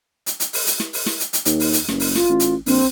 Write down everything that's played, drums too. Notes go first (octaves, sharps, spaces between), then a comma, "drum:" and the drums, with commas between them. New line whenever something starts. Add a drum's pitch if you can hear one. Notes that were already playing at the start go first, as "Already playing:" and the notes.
drum: hi-hat
drum: hi-hat
drum: open hi-hat
drum: hi-hat
drum: snare
drum: open hi-hat
drum: snare
drum: hi-hat
drum: hi-hat
D#2, drum: hi-hat
drum: open hi-hat
drum: hi-hat
F#1, drum: snare
drum: open hi-hat
F4, drum: snare
A1
drum: hi-hat
A#1 C4, drum: open hi-hat